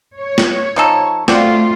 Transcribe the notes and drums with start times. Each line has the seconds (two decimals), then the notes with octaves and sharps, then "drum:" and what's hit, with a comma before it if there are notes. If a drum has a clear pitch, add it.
0.18 C#5
0.38 drum: snare
0.76 F3 D#4 A4
1.28 A3 C4 F4 F#4 D5, drum: snare